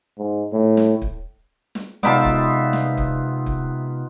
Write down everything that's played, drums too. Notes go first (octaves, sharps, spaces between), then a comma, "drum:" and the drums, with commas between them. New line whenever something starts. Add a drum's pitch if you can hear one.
G#2
A2
drum: snare
drum: kick
drum: snare
C3 G#3 B3 D#4 F4 D5 E5 A5
drum: kick
drum: snare
drum: kick
drum: kick